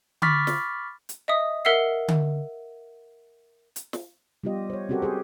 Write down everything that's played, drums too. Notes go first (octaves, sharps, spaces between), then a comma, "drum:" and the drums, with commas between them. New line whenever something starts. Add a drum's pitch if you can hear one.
B5 C#6 D6 F6 A6 B6, drum: tom D3
drum: snare
drum: hi-hat
D#5 E5 D#6
A#4 E5 F#5 E6 C7
drum: tom D3
drum: hi-hat
drum: snare
G3 B3 F4 G4 D#5
C5 C#5
C4 C#4 F#4 G4 A4 A#4
G4 G#4 C5